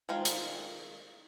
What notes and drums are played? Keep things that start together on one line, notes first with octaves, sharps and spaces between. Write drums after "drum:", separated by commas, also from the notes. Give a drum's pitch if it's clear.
D#3 G#3 F4 C5
drum: hi-hat